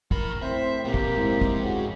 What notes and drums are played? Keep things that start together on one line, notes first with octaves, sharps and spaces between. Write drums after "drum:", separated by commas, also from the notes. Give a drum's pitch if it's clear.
A2 A#4 B5, drum: kick
A2 C4 C5 E5
A#2 A#3 C4 G4
drum: kick
G#2 C4 E4
drum: kick
C#3 F#4